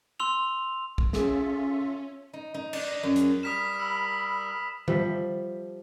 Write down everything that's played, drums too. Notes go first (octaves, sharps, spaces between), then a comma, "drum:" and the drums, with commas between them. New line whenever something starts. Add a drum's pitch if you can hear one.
C6 E6 F7
drum: kick
C#4 F4 G#4 A4 E5, drum: snare
D#4
D#4
D4, drum: cymbal
D#5
F#2
G#4, drum: hi-hat
G3 A#4 D#6 B6 E7
B5 E6
F3 G3 E5, drum: tom D#3